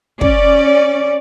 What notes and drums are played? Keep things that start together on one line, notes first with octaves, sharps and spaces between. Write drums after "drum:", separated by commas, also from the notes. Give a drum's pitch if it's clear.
C#4 D5, drum: kick